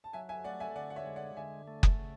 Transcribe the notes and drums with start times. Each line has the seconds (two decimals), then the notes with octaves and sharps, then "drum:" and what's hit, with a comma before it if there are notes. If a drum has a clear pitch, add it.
0.04 A5
0.13 F#3 E5 G#5
0.29 E5 G#5
0.44 A3 D5 F#5
0.60 E5 G#5
0.75 D3 D5 F#5
0.90 F#5
0.96 C#5 E5
1.06 G#3
1.16 D5 F#5
1.37 D3 E5 G#5
1.68 A3
1.83 drum: kick F#1
1.99 C#3